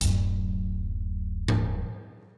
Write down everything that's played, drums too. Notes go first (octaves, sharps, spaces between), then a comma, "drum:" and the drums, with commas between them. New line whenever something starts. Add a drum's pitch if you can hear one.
D1 F#2, drum: hi-hat
drum: tom G#2